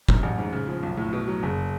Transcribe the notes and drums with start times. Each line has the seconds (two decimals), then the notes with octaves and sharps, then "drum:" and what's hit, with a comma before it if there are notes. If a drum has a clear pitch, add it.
0.09 F#2, drum: kick
0.23 A1
0.38 G#2
0.53 C#3
0.67 F3
0.83 B1
0.97 A2
1.13 B2
1.28 F#3
1.43 F#1